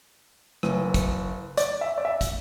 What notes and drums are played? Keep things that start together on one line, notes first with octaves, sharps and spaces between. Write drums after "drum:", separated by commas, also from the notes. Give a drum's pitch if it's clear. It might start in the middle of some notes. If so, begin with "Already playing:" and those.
F#1 F#2 E3, drum: rim click
drum: kick, hi-hat
D5, drum: hi-hat
E5
D5
E5
drum: kick, hi-hat